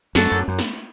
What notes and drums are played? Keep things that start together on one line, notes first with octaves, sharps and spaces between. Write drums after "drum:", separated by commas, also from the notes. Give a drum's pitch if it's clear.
F#2 D4 F#4 A4, drum: snare
F#2
F#2
drum: snare